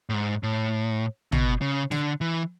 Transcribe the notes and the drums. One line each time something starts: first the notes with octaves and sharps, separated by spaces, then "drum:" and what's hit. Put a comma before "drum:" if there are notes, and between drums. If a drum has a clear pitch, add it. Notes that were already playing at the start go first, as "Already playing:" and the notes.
A2
G#2
A2
B2, drum: tom
C#3
D3, drum: snare
E3